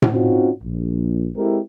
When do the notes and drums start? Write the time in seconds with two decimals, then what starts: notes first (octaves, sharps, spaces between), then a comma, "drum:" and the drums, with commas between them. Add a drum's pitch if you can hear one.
0.02 drum: tom A2
0.13 C4 C#4 D#4 F4 F#4
0.63 A#1
1.36 G#3 C4 E4 G4 A4 A#4